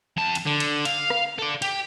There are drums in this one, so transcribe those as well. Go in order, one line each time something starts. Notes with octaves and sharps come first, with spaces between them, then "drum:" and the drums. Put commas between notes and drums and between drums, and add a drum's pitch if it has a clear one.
F2 A5
drum: cymbal
D3
drum: cymbal
F5, drum: cymbal
drum: rim click
A4 D5
G4, drum: cymbal